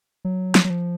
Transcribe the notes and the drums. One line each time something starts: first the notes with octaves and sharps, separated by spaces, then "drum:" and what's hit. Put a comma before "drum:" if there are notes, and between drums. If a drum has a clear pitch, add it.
F#3
drum: snare
F#3
F3